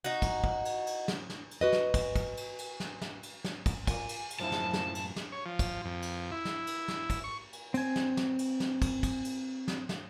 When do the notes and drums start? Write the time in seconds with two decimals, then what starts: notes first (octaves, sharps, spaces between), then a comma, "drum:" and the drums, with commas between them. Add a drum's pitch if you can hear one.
0.04 D#4 F#4
0.22 drum: kick, cymbal
0.44 drum: kick
0.65 drum: cymbal
0.87 drum: cymbal
1.08 drum: snare
1.30 drum: snare
1.51 drum: cymbal
1.61 F#4 B4 D#5
1.73 drum: snare
1.94 drum: kick, cymbal
2.16 drum: kick, cymbal
2.37 drum: cymbal
2.58 drum: cymbal
2.80 drum: snare
3.01 drum: snare
3.23 drum: cymbal
3.44 drum: snare
3.66 drum: kick, cymbal
3.87 F4 A#4 D5 G#5, drum: kick, cymbal
4.09 drum: cymbal
4.30 drum: cymbal
4.40 F#2 A2 F3 D4 E4 F5 A5
4.52 drum: snare
4.73 drum: snare
4.95 drum: cymbal
5.16 drum: snare
5.32 C#5
5.46 F3
5.59 drum: kick, cymbal
5.85 F2
6.02 drum: cymbal
6.32 E4
6.45 drum: snare
6.67 drum: cymbal
6.88 drum: snare
7.10 drum: kick, cymbal
7.24 C#6
7.53 drum: cymbal
7.74 C4 G#5, drum: cymbal
7.96 drum: snare
8.17 drum: snare
8.39 drum: cymbal
8.60 drum: snare
8.82 drum: kick, cymbal
9.03 drum: kick, cymbal
9.25 drum: cymbal
9.68 drum: snare
9.89 drum: snare